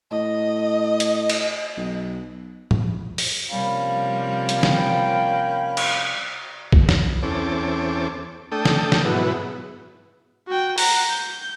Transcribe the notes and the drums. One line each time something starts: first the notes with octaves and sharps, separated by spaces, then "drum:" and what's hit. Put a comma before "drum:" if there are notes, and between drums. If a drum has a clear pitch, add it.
A2 D#5
drum: hi-hat
drum: cymbal
B1
drum: tom A2
drum: open hi-hat
C3 F3 G3 A#3 C#4 F5 B5
drum: hi-hat
G5, drum: snare
drum: cymbal
drum: kick
drum: snare
E2 C4 C#4 A4 D6
A3 D4 A4 G5 D#6
drum: snare
drum: snare
G#2 B2 F#3 B3 E4
F#4 G5
F#5 A#5, drum: open hi-hat
G6